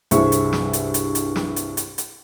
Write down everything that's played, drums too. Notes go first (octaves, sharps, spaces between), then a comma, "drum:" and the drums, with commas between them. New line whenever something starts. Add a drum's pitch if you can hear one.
C2 G2 G#4 C5 E5 C#6, drum: hi-hat
drum: hi-hat
drum: snare
drum: hi-hat
drum: hi-hat
drum: hi-hat
drum: snare
drum: hi-hat
drum: hi-hat
drum: hi-hat